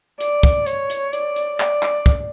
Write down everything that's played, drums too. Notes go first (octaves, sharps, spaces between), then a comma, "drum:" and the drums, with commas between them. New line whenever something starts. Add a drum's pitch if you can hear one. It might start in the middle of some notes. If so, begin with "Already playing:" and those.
D5, drum: hi-hat
drum: kick
C#5, drum: hi-hat
drum: hi-hat
D5, drum: hi-hat
drum: hi-hat
D5, drum: clap
drum: clap
drum: kick, hi-hat